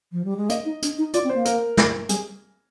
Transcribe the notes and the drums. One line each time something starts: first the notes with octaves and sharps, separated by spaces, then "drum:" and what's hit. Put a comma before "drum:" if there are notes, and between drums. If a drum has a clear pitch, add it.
F3
G3
G#3
A#3 D#5, drum: hi-hat
D#4
D4, drum: hi-hat
D#4
F4 D5, drum: hi-hat
C4
A#3 C5
A#4, drum: hi-hat
drum: snare
G3 G#4, drum: hi-hat